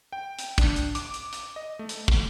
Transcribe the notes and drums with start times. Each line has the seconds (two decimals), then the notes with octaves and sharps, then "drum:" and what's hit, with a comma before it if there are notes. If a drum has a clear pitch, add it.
0.12 G5
0.39 drum: hi-hat
0.58 D4, drum: kick, hi-hat
0.76 drum: hi-hat
0.95 D6, drum: hi-hat
1.14 drum: hi-hat
1.33 drum: hi-hat
1.56 D#5
1.79 A3
1.89 drum: hi-hat
2.08 drum: kick